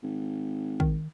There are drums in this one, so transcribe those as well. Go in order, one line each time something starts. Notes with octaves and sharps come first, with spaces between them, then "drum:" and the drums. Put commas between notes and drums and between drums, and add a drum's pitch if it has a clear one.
G#1
D#3, drum: kick